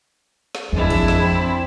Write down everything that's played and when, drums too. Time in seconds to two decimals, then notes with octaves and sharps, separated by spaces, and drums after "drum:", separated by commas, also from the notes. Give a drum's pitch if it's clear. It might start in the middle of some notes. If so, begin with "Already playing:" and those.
0.55 drum: snare
0.72 F2 G#3 D4 E4
0.90 drum: kick, cymbal
1.08 drum: snare
1.19 C4